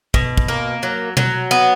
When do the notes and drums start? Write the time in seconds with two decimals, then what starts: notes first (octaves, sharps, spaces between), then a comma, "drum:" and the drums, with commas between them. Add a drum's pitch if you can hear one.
0.14 B2, drum: kick
0.38 drum: kick
0.48 A#3
0.83 F#3
1.17 F#3, drum: tom B2
1.51 B3